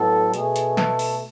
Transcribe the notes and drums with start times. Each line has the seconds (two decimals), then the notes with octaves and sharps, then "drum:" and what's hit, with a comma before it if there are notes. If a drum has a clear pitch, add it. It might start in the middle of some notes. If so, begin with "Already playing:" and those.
Already playing: A2 F#3 B3 A4
0.34 B2 A3 G#4, drum: hi-hat
0.56 drum: hi-hat
0.77 A4, drum: snare
0.99 drum: open hi-hat